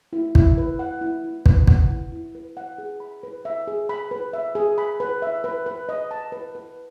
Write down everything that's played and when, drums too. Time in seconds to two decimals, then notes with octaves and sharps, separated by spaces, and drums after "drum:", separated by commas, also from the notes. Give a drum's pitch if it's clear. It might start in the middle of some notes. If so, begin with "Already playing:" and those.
0.13 E4
0.35 E4, drum: kick
0.58 B4
0.79 F#5
1.01 E4
1.24 E4
1.46 B4, drum: kick
1.67 F#5, drum: kick
1.90 E4
2.12 E4
2.35 B4
2.57 F#5
2.78 G#4
3.00 B5
3.23 B4
3.45 E5
3.67 G#4
3.89 B5
4.11 B4
4.33 E5
4.55 G#4
4.78 B5
5.00 B4
5.22 E5
5.44 B4
5.66 B4
5.89 D#5
6.11 A5
6.32 B4
6.55 B4